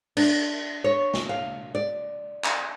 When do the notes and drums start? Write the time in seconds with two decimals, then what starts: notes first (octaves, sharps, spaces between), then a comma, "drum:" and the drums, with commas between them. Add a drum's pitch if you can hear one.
0.17 D4, drum: cymbal
0.84 C#5
1.14 drum: snare
1.29 F5
1.75 D5
2.44 drum: clap